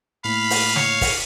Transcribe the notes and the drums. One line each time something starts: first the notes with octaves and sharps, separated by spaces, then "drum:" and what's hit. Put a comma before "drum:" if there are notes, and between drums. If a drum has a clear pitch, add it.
A2 A#3 F5 B5
drum: open hi-hat
C#5, drum: snare
drum: kick, open hi-hat